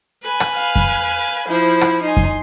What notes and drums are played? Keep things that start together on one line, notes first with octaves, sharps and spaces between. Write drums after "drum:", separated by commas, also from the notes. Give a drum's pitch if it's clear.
B4 G#5
drum: rim click
F5
drum: kick F2
F3 E4 C5
drum: rim click
D#4 G#5 C6
drum: kick F2